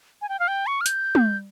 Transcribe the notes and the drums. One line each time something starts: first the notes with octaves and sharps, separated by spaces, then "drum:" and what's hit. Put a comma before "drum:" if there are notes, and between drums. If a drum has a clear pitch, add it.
G#5
G5
F5
G5
C#6
F6
G6, drum: hi-hat
drum: tom